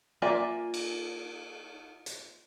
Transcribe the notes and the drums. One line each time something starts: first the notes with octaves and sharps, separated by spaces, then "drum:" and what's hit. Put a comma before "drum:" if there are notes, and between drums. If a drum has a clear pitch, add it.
A#3 F4 D5 E5 G#5
drum: cymbal
drum: hi-hat